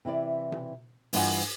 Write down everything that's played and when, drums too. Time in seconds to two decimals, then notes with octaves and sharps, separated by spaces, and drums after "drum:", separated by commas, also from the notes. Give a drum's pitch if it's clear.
0.05 C3 E3 E4 D5
0.52 drum: tom B2
1.13 G2 E3 F4 D#5 F#5 G#5, drum: open hi-hat